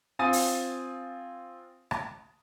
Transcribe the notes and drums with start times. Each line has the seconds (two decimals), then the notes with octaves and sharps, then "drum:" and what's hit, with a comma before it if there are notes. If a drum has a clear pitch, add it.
0.19 C4 F4 G#5 D#6 A6 D#7
0.33 drum: open hi-hat
1.91 drum: rim click